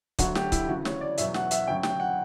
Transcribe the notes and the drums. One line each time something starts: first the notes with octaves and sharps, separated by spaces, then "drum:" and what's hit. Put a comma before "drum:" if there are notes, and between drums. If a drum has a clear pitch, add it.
D2 D3 F#3 F#4, drum: kick C#1, hi-hat
G4, drum: snare
E4, drum: kick C#1, hi-hat
D2 C#3 E3 F#4
C#5, drum: snare
D5
E2 B2 F#3 E5, drum: hi-hat
F#5, drum: snare
E5, drum: hi-hat
D2 C#3 F#3 G5
G5, drum: snare
F#5